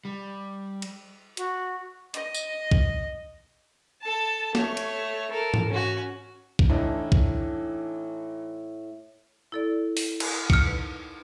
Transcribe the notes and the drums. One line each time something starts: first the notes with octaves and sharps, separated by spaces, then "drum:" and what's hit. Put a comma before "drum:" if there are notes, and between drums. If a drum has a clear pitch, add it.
G3
drum: cymbal
F#4, drum: hi-hat
D#5, drum: hi-hat
drum: tambourine
drum: kick B1
A4 A5
A3 C#5, drum: snare
drum: cymbal
A4 A#4
drum: tom G#2
C#4 F#4
drum: kick B1
A2 E3 D4 D#4
drum: kick B1
E4 A4 D5
drum: open hi-hat
drum: cymbal
F6 C#7, drum: kick B1
D#4 B4